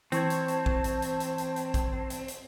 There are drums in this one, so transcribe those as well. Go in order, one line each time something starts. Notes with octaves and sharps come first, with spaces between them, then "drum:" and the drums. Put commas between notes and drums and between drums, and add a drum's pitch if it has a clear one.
E3 C4 A5 C#6 G#6, drum: hi-hat
drum: hi-hat
drum: hi-hat
drum: kick A1
drum: hi-hat
drum: hi-hat
drum: hi-hat
drum: hi-hat
drum: hi-hat
drum: kick A1, hi-hat
drum: hi-hat
drum: hi-hat